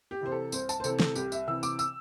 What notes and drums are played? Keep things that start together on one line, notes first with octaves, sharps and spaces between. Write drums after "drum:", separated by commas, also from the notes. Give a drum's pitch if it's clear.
G4
C3 E3 C5
A4
C2 C5, drum: tambourine
A5, drum: tambourine
C5
C3 E3 A4, drum: tambourine
A4, drum: snare
C2 G4, drum: tambourine
E5, drum: tambourine
C3 E3 E6
D6, drum: tambourine
E6, drum: tambourine